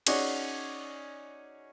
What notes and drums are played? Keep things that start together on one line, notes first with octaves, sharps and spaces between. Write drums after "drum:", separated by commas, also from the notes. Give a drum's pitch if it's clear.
C#4 D#4 F#4 G#4 C#5 D5, drum: cymbal